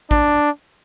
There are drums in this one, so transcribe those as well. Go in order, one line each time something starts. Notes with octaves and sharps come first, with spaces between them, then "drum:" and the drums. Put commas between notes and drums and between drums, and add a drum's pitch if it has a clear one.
D4, drum: kick